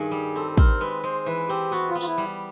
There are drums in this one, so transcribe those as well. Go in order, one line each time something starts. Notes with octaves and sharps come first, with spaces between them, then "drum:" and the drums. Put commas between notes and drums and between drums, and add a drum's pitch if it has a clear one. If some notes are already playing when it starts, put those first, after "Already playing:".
Already playing: G2 D#3 G#4
G3
C4 A4
A4
C4 A#4, drum: kick
G#3 B4
G#3 C5
E3 B4
C4 G4
B3 F#4
F4
B3
F4, drum: tambourine
E4
G3